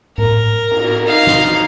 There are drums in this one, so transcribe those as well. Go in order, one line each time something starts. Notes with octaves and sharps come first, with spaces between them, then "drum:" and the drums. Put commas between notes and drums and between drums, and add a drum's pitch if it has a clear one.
A#4, drum: tom A2
drum: cymbal
D#4 F5
drum: snare